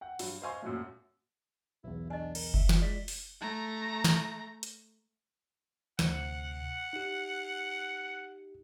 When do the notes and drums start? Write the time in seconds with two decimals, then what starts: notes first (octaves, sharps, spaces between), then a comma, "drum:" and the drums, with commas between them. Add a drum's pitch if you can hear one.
0.01 F#5 G5
0.19 G2 F#3, drum: open hi-hat
0.42 C5 D#5 F5 G#5 C6 C#6
0.62 F#2 A#2 F#3 A3
1.84 B1 E2 E4
2.10 D4 D#5 G#5
2.35 A#4, drum: cymbal
2.54 E5, drum: kick F#1
2.69 F4 G5, drum: snare
2.82 G#3 D5 B6
3.08 drum: open hi-hat
3.41 A3 A#5
4.04 drum: snare
4.63 drum: hi-hat
5.99 D2 C3 F#5, drum: snare
6.93 D#4 G4